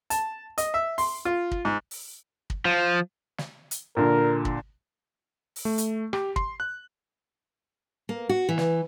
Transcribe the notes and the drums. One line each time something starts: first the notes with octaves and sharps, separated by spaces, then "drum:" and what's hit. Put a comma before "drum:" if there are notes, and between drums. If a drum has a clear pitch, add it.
A5, drum: hi-hat
D#5, drum: hi-hat
E5
C6, drum: open hi-hat
F4
drum: kick
G#2
drum: open hi-hat
drum: kick
F3
drum: snare
drum: hi-hat
A#2 D3 A#4
drum: kick
drum: open hi-hat
A3
drum: hi-hat
G4, drum: rim click
C6, drum: kick
F#6
A#3
F#4
E3
drum: snare